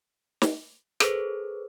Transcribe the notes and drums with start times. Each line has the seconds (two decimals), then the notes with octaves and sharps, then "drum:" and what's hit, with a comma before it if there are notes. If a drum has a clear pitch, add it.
0.42 drum: snare
1.00 G#4 A4 B4 C5, drum: rim click